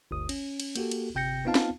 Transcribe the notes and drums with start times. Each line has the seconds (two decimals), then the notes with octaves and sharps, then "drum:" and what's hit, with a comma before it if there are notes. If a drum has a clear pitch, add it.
0.11 G1 D2 D#6
0.29 C#4, drum: cymbal
0.60 drum: cymbal
0.76 A#3 F#4 G4 A4, drum: cymbal
0.91 drum: cymbal
1.15 G1 C3 G5 G6 A#6 C#7
1.45 B3 C4 D#4 F4 F5 A5
1.55 drum: snare